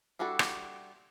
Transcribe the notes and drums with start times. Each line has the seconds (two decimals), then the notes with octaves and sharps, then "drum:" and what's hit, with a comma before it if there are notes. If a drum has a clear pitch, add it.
0.19 G3 D4 E4 F#4 A4
0.39 drum: rim click